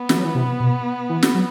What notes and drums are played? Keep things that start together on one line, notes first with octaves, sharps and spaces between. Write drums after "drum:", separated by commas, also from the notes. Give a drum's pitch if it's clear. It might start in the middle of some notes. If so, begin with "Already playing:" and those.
Already playing: B3
E3, drum: snare
F#3
E3
C3
B2
E3
drum: snare
F#3